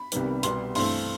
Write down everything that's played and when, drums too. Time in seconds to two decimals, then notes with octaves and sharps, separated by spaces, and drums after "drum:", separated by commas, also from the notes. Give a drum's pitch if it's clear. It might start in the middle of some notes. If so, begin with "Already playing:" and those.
Already playing: B5
0.12 C2 C3 D#3 G3 B3, drum: hi-hat
0.43 C2 B2 G3 B3 C6, drum: hi-hat
0.75 G2 E3 A3 C4 C6, drum: open hi-hat